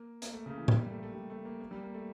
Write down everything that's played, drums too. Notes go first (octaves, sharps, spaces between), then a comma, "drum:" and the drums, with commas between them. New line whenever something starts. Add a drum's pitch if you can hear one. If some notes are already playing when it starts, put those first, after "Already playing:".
Already playing: A#3
A#3, drum: hi-hat
A3
C#3
E3
G3, drum: tom A2
A#3
A3
A3
G3
A3
A#3
A#3
G3
A#3
A3